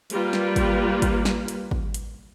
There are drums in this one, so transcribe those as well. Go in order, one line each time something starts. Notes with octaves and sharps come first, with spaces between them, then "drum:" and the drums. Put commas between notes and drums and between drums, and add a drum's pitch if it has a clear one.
G3 A#3 F4 B4, drum: hi-hat
drum: snare
drum: kick G#1, hi-hat
drum: kick G#1, hi-hat
drum: snare
drum: hi-hat
drum: kick G#1
drum: hi-hat